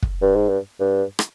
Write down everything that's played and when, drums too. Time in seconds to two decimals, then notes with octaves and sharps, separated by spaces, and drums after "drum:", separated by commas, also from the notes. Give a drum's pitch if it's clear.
0.03 drum: kick
0.22 G2
0.35 G#2
0.49 G2
0.80 G2
1.19 drum: rim click